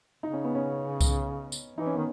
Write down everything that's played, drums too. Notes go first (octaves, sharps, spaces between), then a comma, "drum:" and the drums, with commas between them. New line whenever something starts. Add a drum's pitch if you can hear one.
C#3 D#4
C#4
B3
C#4
drum: kick C2, tambourine
drum: tambourine
E3 D#4
C#4
D#3 B3